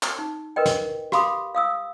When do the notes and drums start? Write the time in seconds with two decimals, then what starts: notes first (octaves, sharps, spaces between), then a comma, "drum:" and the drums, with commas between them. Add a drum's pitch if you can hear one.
0.03 drum: clap
0.19 D#4
0.56 A#4 B4 D#5 G5
0.66 drum: snare
1.12 G4 F5 B5 C6 D6 D#6, drum: rim click
1.55 F5 D#6 E6